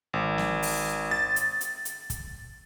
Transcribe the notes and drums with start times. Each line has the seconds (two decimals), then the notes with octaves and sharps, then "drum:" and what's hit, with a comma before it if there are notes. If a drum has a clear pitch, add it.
0.13 G#1
0.38 drum: snare
0.63 drum: open hi-hat
1.11 A6
1.36 drum: hi-hat
1.61 drum: hi-hat
1.85 drum: hi-hat
2.10 drum: kick, hi-hat